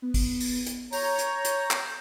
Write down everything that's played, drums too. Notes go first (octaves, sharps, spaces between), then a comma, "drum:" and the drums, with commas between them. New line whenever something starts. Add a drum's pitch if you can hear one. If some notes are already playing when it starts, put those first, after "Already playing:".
B3
drum: kick, open hi-hat
drum: open hi-hat
drum: hi-hat
C#5 A#5 G6, drum: open hi-hat
drum: hi-hat
drum: hi-hat
drum: clap